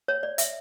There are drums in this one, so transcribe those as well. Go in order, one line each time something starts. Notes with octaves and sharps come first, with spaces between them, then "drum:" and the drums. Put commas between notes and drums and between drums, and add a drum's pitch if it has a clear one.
C#5
D5
E5, drum: hi-hat